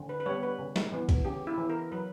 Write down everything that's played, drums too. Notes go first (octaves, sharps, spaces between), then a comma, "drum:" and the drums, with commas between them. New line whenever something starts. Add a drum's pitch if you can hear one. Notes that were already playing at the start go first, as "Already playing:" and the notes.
Already playing: D3
B4
B4
G3 B3 C#5
B4
C#3
drum: snare
E3 B3
drum: kick B1, cymbal
C#3 G4
E4
E3 B3
A#4
F#3 B4